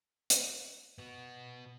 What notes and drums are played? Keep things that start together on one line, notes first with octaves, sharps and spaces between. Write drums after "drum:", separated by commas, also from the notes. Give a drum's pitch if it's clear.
drum: hi-hat
B3 F#4